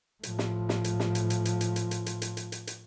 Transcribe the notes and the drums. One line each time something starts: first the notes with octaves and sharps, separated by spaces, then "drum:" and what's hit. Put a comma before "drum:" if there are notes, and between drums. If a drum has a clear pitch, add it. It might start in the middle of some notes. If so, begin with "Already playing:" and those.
A2 F3, drum: hi-hat
drum: snare
drum: snare
drum: hi-hat
drum: snare
drum: hi-hat
drum: hi-hat
drum: hi-hat
drum: hi-hat
drum: hi-hat
drum: hi-hat
drum: hi-hat
drum: hi-hat
drum: hi-hat
drum: hi-hat
drum: hi-hat